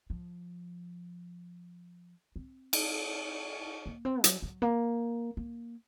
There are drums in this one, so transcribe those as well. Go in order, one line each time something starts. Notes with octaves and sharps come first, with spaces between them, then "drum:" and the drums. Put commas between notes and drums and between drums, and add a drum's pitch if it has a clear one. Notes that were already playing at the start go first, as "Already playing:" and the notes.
F3
C4
drum: cymbal
A#3
C4
F#3, drum: hi-hat
F#3
A#3
A#3